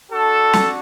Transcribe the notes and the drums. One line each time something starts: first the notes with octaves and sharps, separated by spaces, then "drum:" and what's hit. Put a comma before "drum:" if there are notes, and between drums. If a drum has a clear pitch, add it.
D4 F#4 A4
drum: snare